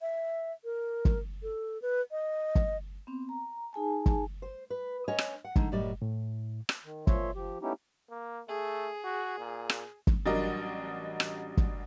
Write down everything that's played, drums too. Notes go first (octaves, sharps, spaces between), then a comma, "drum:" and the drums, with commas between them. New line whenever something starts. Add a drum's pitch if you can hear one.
E5
A#4
drum: kick
A4
B4
D#5
drum: kick
B3 C4
A#5
D#4 G#4 G#5 A5
drum: kick
C5
B4
C#4 C#5 D#5 G#5
drum: rim click
F#5
D3 G#3 D#4, drum: kick
F#2 A2 G3 D5 D#5
A2
drum: rim click
D#3
A#2 F3 C#5 E5 C6, drum: kick
F3 G4
A3 B3 C#4 D#4 E4 G4
A#3
A3 G#4
F#4
A#2
drum: rim click
drum: kick
A1 F#3 G3 D4 A#4 D#5
drum: rim click
drum: kick